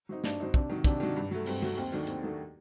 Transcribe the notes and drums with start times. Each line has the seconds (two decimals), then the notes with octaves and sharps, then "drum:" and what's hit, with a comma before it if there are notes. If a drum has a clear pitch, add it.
0.09 F#3 C4 D#4
0.24 G2 D4, drum: snare
0.40 F#3 C4 D#4
0.54 C3 D4, drum: kick
0.69 D#3 F#3
0.84 C3 D4, drum: kick, hi-hat
1.00 D#3 F#3
1.16 G2
1.31 F#3 A3
1.46 G2 C4, drum: open hi-hat
1.62 F#3 A3
1.77 D#2 C4
1.92 D#3 F#3 A3 D4
2.07 D#2 C4, drum: hi-hat
2.23 D#3 F#3 A3 D4